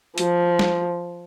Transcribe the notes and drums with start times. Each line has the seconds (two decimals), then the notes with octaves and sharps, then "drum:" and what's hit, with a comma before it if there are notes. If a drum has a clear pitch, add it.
0.18 F3, drum: hi-hat
0.59 drum: snare